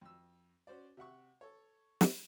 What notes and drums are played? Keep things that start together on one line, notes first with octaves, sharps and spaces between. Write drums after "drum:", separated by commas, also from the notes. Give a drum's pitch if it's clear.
F2 E6
C#4 F#4 C5 D5
C3 E5 F#5 C#6
A4 C#5
drum: snare